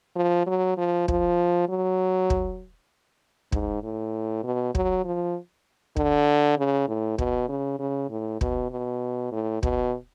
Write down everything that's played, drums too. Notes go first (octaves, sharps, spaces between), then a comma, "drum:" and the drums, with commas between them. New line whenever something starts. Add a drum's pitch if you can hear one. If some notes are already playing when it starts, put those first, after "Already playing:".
F3
F#3
F3
F3, drum: kick
F#3
drum: kick
G#2, drum: kick
A2
B2
F#3, drum: kick
F3
D3, drum: kick
C#3
A2
B2, drum: kick
C#3
C#3
A2
B2, drum: kick
B2
A2
B2, drum: kick